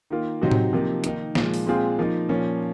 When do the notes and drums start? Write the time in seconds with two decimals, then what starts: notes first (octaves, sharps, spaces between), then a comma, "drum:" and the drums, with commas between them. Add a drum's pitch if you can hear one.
0.10 D#3 A#3 F4
0.41 C3 F#3 C4 D#4 F#4
0.51 drum: tom A2
0.73 C3 F3 A#3 D#4
1.04 D#3 A#3 D#4, drum: hi-hat
1.35 A#2 F3 G#3, drum: snare
1.54 drum: open hi-hat
1.67 A#2 G#3 C4 F4 G#4
1.99 F3 A#3 D#4
2.29 A#2 F3 A#3 C#4